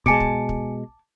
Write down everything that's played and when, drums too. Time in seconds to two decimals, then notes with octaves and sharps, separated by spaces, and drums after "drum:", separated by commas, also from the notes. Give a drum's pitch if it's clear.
0.06 B2 G#3 G#5 A5 D6 C#7 D7, drum: kick
0.20 drum: kick
0.49 drum: kick